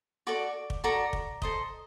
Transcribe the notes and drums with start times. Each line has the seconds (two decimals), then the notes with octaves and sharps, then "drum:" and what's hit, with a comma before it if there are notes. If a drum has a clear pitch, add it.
0.27 F#4 A4 D5 D6
0.70 drum: kick
0.84 F#4 A4 D5 A#5
1.13 drum: kick
1.42 A4 C5 D#5, drum: kick